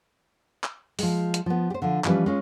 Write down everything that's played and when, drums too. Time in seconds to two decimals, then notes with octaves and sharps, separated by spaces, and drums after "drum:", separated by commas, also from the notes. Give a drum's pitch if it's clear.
0.64 drum: clap
0.99 F3 G#3, drum: open hi-hat
1.34 drum: hi-hat
1.46 F3 B3
1.70 G4 C5
1.82 D3 F3
2.04 E3 F3 G3 C#4 B4, drum: clap
2.26 G#3 C#4 F4